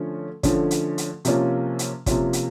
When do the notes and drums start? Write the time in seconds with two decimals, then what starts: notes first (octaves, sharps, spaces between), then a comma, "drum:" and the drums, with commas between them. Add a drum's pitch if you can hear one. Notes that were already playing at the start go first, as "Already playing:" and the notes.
Already playing: D3 F3 A3 C#4
0.43 D3 F3 A3 C#4, drum: kick, hi-hat
0.71 drum: hi-hat
0.98 drum: hi-hat
1.25 C3 F3 A#3 C#4 F4, drum: hi-hat
1.79 drum: hi-hat
2.06 C3 F3 A#3 C#4 F4, drum: kick, hi-hat
2.33 drum: hi-hat